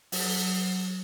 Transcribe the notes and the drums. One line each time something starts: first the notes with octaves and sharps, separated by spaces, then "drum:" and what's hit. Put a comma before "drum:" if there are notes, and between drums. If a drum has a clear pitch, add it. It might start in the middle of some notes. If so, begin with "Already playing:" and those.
F#3, drum: open hi-hat